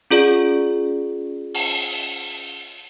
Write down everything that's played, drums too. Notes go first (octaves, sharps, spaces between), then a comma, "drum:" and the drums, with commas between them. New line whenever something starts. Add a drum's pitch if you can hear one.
C#4 F4 G#4 D5
drum: open hi-hat